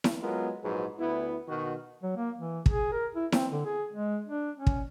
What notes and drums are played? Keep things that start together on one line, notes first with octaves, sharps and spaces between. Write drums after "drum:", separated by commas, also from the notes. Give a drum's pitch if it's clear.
drum: snare E4
F#3 G#3 B3 F4 A#4
A#1 G#2 F#3 G#4 B4
D2 B3 E4
B2 D#3 F#4
F#3
A#3
E3
G#4, drum: kick
A#4
E4
C4, drum: snare E4
D3
G#4
G#3
D4
C#4
drum: kick